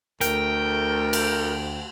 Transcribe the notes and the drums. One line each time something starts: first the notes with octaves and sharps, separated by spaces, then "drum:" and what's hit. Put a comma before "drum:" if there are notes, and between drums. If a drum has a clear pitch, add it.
D2 A3 A#4 G5, drum: hi-hat
drum: cymbal